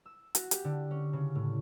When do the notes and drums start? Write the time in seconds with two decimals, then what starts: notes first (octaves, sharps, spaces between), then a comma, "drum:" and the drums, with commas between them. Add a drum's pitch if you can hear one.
0.05 E6
0.35 F#4, drum: hi-hat
0.51 G4, drum: hi-hat
0.64 D3
0.91 C#4
1.13 C#3
1.35 A2